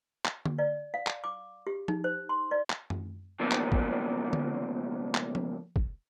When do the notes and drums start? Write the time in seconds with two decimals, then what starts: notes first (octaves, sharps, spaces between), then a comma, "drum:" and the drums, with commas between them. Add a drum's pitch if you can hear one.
0.25 drum: clap
0.46 drum: tom D3
0.59 D5
0.94 F5
1.07 drum: clap
1.24 D6
1.67 G4
1.88 D#4, drum: tom F3
2.04 C5
2.29 C6
2.51 D5
2.70 drum: clap
2.90 drum: tom F#2
3.39 C#2 B2 F3 F#3 A#3
3.51 drum: clap
3.72 drum: kick
4.33 drum: tom D3
5.15 drum: clap
5.35 drum: tom F3
5.76 drum: kick